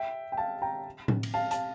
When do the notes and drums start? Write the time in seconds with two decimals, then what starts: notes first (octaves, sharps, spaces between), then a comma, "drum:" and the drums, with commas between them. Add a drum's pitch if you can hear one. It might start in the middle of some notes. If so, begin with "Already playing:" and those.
Already playing: E5 G5
0.32 G5
0.37 F5 A5
0.62 G5 A#5
1.08 drum: tom A2
1.23 drum: cymbal
1.34 F5 A5
1.51 F5 A5, drum: hi-hat